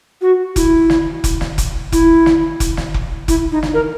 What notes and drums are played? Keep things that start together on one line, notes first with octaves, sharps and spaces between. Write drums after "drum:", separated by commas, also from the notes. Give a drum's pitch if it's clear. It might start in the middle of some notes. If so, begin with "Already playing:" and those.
F#4
E4, drum: kick F1, hi-hat
drum: snare
drum: kick F1, hi-hat
drum: snare
drum: kick F1, hi-hat
E4, drum: kick F1, hi-hat
drum: snare
drum: kick F1, hi-hat
drum: snare
drum: kick F1
E4, drum: kick F1, hi-hat
D#4
drum: snare
A#4